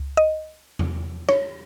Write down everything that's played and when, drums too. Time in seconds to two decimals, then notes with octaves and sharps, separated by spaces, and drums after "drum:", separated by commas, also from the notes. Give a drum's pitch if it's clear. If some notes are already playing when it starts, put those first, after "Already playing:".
Already playing: C#2
0.17 D#5
0.79 drum: tom E2
1.29 C#5, drum: rim click